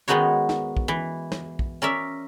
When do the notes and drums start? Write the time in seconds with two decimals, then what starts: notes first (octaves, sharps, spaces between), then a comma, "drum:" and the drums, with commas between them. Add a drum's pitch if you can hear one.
0.08 D#3 G#3 B3 D#4 F#4 C#5
0.49 drum: snare
0.77 drum: kick
0.88 E3
1.32 drum: snare
1.59 drum: kick
1.82 C#4 A#4 D5 E5